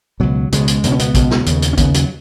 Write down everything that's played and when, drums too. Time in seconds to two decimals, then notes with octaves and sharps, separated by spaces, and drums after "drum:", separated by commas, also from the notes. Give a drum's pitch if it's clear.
0.20 C#2 B2 F#3
0.52 C#2 B2 G#3, drum: hi-hat
0.68 drum: hi-hat
0.84 C#2 B2, drum: hi-hat
0.92 C#4
0.99 B3, drum: hi-hat
1.15 C#2 B2, drum: kick A#1, hi-hat
1.31 drum: snare
1.46 D#2 C#3, drum: hi-hat
1.62 drum: hi-hat
1.73 C#4
1.77 D#2 C#3 B3, drum: kick A#1, hi-hat
1.94 F#3, drum: hi-hat